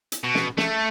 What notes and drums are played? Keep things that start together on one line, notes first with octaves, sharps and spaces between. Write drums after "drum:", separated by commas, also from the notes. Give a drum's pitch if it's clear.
drum: hi-hat
B2
drum: snare
A3, drum: snare